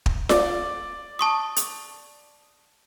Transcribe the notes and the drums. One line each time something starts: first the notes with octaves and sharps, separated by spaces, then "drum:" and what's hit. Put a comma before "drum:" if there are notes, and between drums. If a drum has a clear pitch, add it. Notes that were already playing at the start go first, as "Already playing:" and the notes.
drum: kick
D5, drum: snare F4
A5 C#6 D#6
drum: hi-hat